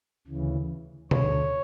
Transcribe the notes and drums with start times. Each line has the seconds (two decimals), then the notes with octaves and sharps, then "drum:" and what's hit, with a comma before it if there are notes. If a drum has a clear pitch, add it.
0.27 D2 C#3 E3
1.11 D2 D3 C#5, drum: tom B2